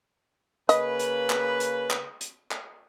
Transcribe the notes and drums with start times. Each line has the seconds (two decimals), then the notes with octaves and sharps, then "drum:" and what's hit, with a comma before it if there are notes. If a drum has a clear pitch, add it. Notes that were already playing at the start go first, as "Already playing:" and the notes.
0.69 C#3 A#3 B4 D#5, drum: hi-hat
0.99 drum: hi-hat
1.30 drum: clap
1.60 drum: hi-hat
1.90 drum: clap
2.21 drum: hi-hat
2.51 drum: clap